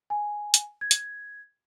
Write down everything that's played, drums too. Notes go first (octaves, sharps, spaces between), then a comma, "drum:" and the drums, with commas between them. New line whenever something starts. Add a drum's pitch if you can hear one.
G#5
drum: hi-hat
G#6
drum: hi-hat